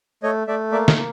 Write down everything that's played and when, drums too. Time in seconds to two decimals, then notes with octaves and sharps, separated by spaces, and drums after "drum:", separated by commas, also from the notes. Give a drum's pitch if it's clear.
0.23 A3 C#5 D#5
0.47 A3 D5 E5
0.72 A#3 D5 E5
0.88 D#5 F5, drum: snare
0.96 A#3